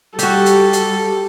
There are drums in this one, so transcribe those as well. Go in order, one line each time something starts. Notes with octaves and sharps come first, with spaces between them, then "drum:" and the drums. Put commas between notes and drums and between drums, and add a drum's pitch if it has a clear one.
G3 F#4 G4 A4, drum: hi-hat
drum: hi-hat
drum: hi-hat